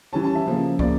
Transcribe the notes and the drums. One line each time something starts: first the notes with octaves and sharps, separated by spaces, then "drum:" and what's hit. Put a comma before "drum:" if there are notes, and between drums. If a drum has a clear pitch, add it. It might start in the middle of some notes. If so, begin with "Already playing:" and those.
E3 G3 C#4 A5
A5
E5
C#3 F3 A#3
C#3 F3 A#3 D5, drum: kick